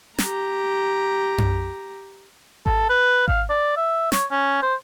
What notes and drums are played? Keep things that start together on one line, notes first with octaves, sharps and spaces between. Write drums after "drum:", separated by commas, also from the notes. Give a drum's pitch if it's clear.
G4 A#5, drum: snare
drum: tom F#2
A4, drum: kick G#1
B4
F5, drum: kick G#1
D5
E5
C#5, drum: snare
C#4
C5